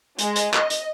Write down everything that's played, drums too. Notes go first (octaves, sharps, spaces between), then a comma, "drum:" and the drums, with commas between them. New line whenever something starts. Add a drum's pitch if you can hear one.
G#3, drum: hi-hat
drum: hi-hat
D#5, drum: clap
drum: hi-hat